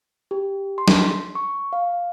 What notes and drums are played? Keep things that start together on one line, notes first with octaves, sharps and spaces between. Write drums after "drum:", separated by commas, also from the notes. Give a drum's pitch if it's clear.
G4
C6
drum: snare
C#6
F5